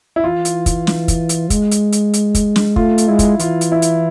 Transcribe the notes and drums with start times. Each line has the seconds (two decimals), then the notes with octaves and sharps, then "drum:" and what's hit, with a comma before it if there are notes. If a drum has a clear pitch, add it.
0.16 E4
0.23 E3 F4
0.45 drum: hi-hat
0.66 drum: kick, hi-hat
0.87 drum: snare
1.08 drum: kick, hi-hat
1.29 drum: hi-hat
1.50 G#3, drum: kick, hi-hat
1.71 drum: hi-hat
1.92 drum: hi-hat
2.13 drum: hi-hat
2.35 drum: kick, hi-hat
2.56 drum: snare
2.76 A3 F4, drum: kick
2.98 drum: hi-hat
3.08 G#3 E4
3.19 drum: kick, hi-hat
3.39 E3 F4, drum: hi-hat
3.61 drum: hi-hat
3.72 E4
3.82 drum: hi-hat